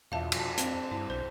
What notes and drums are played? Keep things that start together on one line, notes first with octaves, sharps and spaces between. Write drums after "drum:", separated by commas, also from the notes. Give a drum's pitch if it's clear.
E2 B2 D4 F4 E5 F5 A5
F2, drum: cymbal
C4, drum: hi-hat
G2 E4
B1 C5